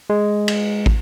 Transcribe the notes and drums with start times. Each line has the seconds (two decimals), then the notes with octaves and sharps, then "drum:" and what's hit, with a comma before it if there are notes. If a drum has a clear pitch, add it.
0.10 G#3
0.48 drum: cymbal
0.86 drum: kick